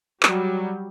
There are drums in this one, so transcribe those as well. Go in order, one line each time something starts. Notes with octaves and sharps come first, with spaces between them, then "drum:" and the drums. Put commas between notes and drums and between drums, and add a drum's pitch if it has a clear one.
F#3 G3, drum: clap